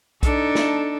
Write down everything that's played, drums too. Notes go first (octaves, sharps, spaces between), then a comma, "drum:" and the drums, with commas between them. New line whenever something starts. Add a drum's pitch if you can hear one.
D4 D#4 A4, drum: kick B1, hi-hat
drum: snare